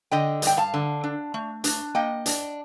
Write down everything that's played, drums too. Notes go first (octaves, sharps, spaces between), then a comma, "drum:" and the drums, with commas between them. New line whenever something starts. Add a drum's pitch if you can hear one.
D3 D#5 G5
G2 G5, drum: hi-hat
F5 A5
D3
D4
A3
D4, drum: hi-hat
A#3 D#5 G5
D4, drum: hi-hat